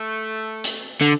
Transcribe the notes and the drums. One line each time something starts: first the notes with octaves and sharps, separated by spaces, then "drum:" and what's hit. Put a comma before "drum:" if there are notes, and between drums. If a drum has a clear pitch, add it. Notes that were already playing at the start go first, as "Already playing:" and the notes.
Already playing: A3
drum: hi-hat
D3